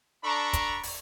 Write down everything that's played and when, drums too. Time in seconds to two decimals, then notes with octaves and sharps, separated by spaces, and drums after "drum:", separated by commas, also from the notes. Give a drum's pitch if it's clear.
0.23 D4 A4 A#5 B5 C#6 D6
0.53 drum: kick, hi-hat
0.83 drum: open hi-hat